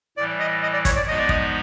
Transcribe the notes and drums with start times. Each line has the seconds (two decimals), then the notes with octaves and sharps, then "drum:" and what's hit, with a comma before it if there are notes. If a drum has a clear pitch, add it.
0.17 A2 E3 G3 D5
0.40 D#5
0.63 D#5
0.73 D5
0.85 C#5, drum: kick, hi-hat
0.96 D5
1.07 F3 G#3 B3 D#4 F#4 D#5
1.19 D5
1.29 D#5, drum: kick